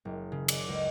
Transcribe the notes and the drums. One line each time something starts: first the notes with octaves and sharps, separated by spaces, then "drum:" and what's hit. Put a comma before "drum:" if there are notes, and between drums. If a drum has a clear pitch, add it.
F#1
C#3
D5, drum: cymbal
C#2